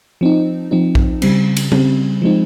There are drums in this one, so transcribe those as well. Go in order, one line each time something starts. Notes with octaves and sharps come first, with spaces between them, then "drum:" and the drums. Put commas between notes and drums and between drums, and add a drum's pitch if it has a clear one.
F3 C4 D#4
F3 C4 D#4
drum: kick A#1
C#3 G3 C4, drum: cymbal
drum: cymbal
C#3 G3 C4, drum: tom
F3 G#3 C4 D#4